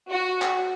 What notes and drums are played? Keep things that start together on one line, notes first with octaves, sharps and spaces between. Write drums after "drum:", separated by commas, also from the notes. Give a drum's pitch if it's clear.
F#4
drum: clap